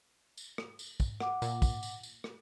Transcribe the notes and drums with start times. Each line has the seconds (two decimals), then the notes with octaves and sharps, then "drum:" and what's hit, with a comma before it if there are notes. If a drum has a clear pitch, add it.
0.38 drum: tambourine
0.58 drum: rim click
0.79 drum: tambourine
1.00 drum: kick, tambourine
1.20 F#5 D6, drum: rim click
1.42 A#2, drum: tambourine
1.62 drum: kick, tambourine
1.83 drum: tambourine
2.03 drum: tambourine
2.24 drum: rim click